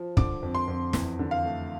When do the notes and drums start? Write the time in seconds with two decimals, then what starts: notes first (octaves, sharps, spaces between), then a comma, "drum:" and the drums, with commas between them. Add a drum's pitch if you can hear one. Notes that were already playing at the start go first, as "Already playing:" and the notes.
Already playing: F3
0.17 D3 D6, drum: kick
0.42 F2
0.55 C6
0.67 F2
0.93 E2, drum: snare
1.19 D3
1.31 F5
1.45 A3